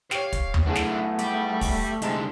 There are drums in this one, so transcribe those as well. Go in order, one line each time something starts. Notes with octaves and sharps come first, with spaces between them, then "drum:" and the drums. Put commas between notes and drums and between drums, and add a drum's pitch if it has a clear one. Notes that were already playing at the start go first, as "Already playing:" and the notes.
G4 C#5 F5, drum: snare
drum: kick, hi-hat
drum: tom D#2
B1 A2 A3 B3 D4 E4 G#4
drum: snare
G4 D5, drum: hi-hat
drum: kick, open hi-hat
C2 G#2 D3 G#3 A5 C6, drum: hi-hat